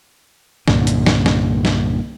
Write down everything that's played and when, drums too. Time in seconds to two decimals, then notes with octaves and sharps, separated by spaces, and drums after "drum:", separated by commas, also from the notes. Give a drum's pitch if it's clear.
0.68 C2 G2 A#2 D3, drum: snare
0.87 drum: hi-hat
1.06 drum: snare
1.26 drum: snare
1.65 drum: snare